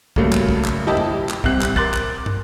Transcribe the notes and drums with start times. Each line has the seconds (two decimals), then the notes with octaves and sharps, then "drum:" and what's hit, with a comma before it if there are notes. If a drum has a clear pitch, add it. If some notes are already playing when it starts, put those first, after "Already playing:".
0.16 G2 C#3 F#3 A3 A#3, drum: kick
0.32 drum: clap
0.49 drum: kick
0.65 drum: clap
0.86 D#1 G3 E4 G4 D#5 A5
0.97 drum: tom F2
1.29 drum: clap
1.44 C2 C4 F#6, drum: kick
1.62 drum: clap
1.76 A#4 C6 D6 F#6 A6, drum: kick
1.94 drum: clap
2.26 drum: tom